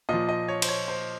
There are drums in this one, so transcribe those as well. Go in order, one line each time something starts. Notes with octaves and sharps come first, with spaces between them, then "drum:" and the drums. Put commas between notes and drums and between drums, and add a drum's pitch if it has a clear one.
A#2 F3 D#5
D#5
C#5
C5, drum: cymbal
C#5
C5